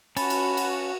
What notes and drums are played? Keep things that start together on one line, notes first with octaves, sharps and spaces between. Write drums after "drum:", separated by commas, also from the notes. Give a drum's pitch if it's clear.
C#4 F#4 A5 B5, drum: cymbal
drum: cymbal
drum: cymbal